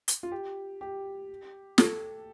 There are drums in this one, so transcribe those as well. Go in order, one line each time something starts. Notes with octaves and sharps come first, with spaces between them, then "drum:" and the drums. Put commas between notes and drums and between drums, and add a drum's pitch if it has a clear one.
drum: hi-hat
F4
G4
G4
A4, drum: snare